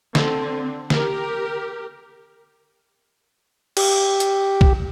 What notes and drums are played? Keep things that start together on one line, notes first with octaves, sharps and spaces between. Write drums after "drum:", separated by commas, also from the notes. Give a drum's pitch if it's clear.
D3 C4, drum: snare
G4 A#4, drum: snare
G4, drum: cymbal
drum: hi-hat
drum: kick B1